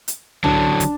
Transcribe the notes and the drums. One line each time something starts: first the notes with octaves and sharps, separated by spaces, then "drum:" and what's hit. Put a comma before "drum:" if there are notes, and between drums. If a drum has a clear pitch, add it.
drum: hi-hat
D3 F#3 D4, drum: tom
drum: kick, hi-hat